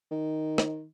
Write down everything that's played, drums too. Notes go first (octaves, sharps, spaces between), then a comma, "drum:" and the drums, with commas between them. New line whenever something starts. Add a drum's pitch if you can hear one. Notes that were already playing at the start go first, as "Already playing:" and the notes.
D#3
drum: rim click